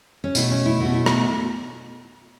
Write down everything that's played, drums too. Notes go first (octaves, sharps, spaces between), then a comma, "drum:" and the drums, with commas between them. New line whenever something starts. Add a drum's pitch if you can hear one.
C#4
B2 A3 E4, drum: tambourine
C#4
E4
B2 A3 F#4
E4
F#4, drum: rim click